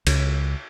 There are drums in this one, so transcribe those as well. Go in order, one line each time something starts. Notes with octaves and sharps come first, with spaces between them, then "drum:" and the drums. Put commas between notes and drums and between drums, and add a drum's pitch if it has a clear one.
C#2, drum: cymbal